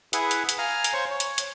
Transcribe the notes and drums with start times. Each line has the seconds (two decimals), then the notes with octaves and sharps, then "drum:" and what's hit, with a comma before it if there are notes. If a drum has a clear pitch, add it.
0.13 E4 G#4 B4 E5 F#5, drum: hi-hat
0.31 drum: hi-hat
0.49 drum: hi-hat
0.58 F5 G#5 A#5 F6
0.84 drum: hi-hat
0.94 C5 C#5 C#6
1.11 C#5
1.20 drum: hi-hat
1.38 drum: hi-hat